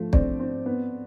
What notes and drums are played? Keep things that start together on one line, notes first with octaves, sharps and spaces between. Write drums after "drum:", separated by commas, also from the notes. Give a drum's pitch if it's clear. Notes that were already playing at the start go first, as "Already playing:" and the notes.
Already playing: F3 A3
C4 D5, drum: kick
C4
B3